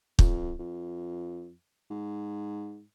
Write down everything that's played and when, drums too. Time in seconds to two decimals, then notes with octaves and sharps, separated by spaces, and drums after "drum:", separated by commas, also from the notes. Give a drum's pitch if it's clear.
0.19 F2, drum: kick
0.59 F2
1.91 G#2